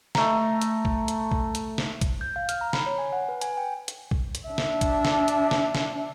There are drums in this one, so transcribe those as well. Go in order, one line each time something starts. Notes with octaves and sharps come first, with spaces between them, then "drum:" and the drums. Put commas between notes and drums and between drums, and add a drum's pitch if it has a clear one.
A3 A#5, drum: snare
drum: hi-hat
drum: kick
drum: hi-hat
drum: kick
drum: hi-hat
drum: snare
drum: kick, hi-hat
G6
F5
F6, drum: hi-hat
A#5
B5, drum: snare
C#5
G#5
F#5
B4
G#5, drum: hi-hat
G5
drum: hi-hat
drum: kick
drum: hi-hat
D4 E5
drum: snare
drum: kick, hi-hat
drum: snare
drum: hi-hat
drum: snare
drum: snare